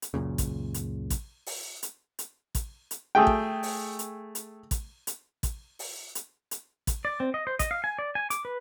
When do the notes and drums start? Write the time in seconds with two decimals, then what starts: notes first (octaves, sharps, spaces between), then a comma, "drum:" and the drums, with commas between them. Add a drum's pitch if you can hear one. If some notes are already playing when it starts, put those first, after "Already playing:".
0.02 drum: hi-hat
0.14 C#2 F#2 A#2 C#3
0.38 drum: kick A1, hi-hat
0.74 drum: hi-hat
1.10 drum: kick A1, hi-hat
1.46 drum: open hi-hat
1.83 drum: hi-hat
2.19 drum: hi-hat
2.55 drum: kick A1, hi-hat
2.91 drum: hi-hat
3.15 A3 G#4 G5
3.27 drum: kick A1
3.63 drum: open hi-hat
3.99 drum: hi-hat
4.35 drum: hi-hat
4.71 drum: kick A1, hi-hat
5.07 drum: hi-hat
5.43 drum: kick A1, hi-hat
5.79 drum: open hi-hat
6.15 drum: hi-hat
6.51 drum: hi-hat
6.87 drum: kick A1, hi-hat
7.05 D5
7.20 C4
7.34 D#5
7.47 C5
7.59 D#5, drum: kick A1, hi-hat
7.71 F5
7.84 G#5
7.99 D5
8.15 G#5
8.30 D6, drum: hi-hat
8.45 B4